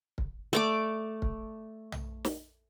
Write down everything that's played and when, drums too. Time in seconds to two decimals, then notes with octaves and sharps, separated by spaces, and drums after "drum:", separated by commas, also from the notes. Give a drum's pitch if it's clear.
0.18 drum: kick
0.53 A3 D5 D6
1.22 drum: kick
1.92 drum: tom
2.25 drum: snare